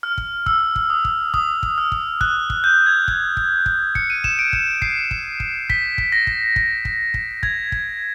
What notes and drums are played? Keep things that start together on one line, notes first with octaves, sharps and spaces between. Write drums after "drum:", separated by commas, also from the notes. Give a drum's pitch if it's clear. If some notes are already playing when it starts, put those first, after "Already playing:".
F6
drum: kick
E6, drum: kick
drum: kick
D#6
drum: kick
D#6, drum: kick
drum: kick
F6
drum: kick
F#6, drum: kick
drum: kick
G6
G#6
drum: kick
drum: kick
drum: kick
C#7, drum: kick
D#7
E7, drum: kick
D7
drum: kick
C7, drum: kick
drum: kick
drum: kick
B6, drum: kick
drum: kick
A#6
drum: kick
drum: kick
drum: kick
drum: kick
G#6, drum: kick
drum: kick